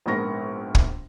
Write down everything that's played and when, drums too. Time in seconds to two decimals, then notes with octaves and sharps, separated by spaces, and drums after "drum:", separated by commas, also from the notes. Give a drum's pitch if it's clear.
0.06 A#1 G#2 B3 A#4 C#6 A#6
0.75 drum: kick